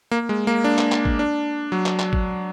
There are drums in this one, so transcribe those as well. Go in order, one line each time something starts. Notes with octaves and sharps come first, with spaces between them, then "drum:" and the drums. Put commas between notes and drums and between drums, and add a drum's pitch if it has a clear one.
A#3
G#3
A#3
D4
drum: clap
drum: clap
drum: kick G#1
D4
F#3
drum: clap
drum: clap
drum: kick G#1